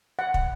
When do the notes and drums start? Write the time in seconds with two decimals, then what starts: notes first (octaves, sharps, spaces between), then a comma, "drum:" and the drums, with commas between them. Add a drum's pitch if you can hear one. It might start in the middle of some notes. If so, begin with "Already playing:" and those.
0.19 F#5
0.34 drum: kick